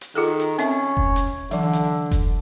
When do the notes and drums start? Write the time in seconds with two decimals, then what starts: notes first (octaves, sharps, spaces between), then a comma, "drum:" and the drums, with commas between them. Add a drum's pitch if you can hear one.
0.01 drum: hi-hat
0.15 D#3 F4 G#4 A4
0.39 drum: hi-hat
0.59 C4 C#4 E5, drum: hi-hat
0.97 drum: kick F1
1.16 drum: hi-hat
1.51 D3 E3 F#3, drum: hi-hat
1.73 drum: hi-hat
2.11 drum: kick F1, hi-hat